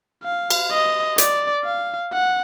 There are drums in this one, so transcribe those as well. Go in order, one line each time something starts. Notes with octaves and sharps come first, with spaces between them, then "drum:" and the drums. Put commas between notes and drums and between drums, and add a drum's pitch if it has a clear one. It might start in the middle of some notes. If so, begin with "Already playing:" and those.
F5
drum: cymbal
D#5
D5, drum: hi-hat
F5
F#5